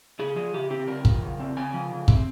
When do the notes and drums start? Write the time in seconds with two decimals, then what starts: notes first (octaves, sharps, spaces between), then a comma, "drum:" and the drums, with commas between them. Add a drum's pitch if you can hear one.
0.19 C#3 G#4
0.36 F3 G#4
0.54 C#3 G4
0.70 C4 G4
0.87 C#3 A#4
1.05 F3, drum: kick
1.22 C#3
1.40 C4
1.57 C#3 G#5
1.73 F3
1.90 C#3
2.08 C4, drum: kick